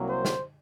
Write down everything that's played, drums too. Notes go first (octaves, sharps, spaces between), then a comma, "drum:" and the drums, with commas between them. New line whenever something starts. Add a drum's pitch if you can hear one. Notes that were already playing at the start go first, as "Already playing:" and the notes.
Already playing: C2 C3 F#3 A#3
C5
drum: snare